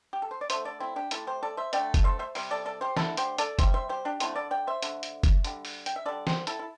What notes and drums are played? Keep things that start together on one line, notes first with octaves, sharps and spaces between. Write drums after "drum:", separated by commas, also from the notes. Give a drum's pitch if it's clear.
G4
A4
C5
D5
D3 A3 C5 E5, drum: hi-hat
A4 D5
C4 E4
D4 G4
C3 A3 E4 A4, drum: hi-hat
G4 C5
A4 D5
C5 E5
D3 A3 D5 G5, drum: hi-hat
drum: kick, hi-hat
C5 E5
C5 E5
C3 G3, drum: open hi-hat
A4 D5
A4 D5
G4 C5
D3 A3 E4 A4, drum: snare
G4 C5, drum: hi-hat
A4 D5, drum: hi-hat
C3 G3 C5 E5, drum: kick, hi-hat
C5 E5
G4 C5
D4 G4
D3 A3 C4 E4, drum: hi-hat
A4 D5
D5 G5
C5 E5
D3 A3, drum: hi-hat
drum: hi-hat
drum: kick, hi-hat
D3 G3, drum: hi-hat
drum: open hi-hat
G5, drum: hi-hat
E5
D3 G3 A4 D5
G4 C5, drum: snare
E4 A4, drum: hi-hat
E4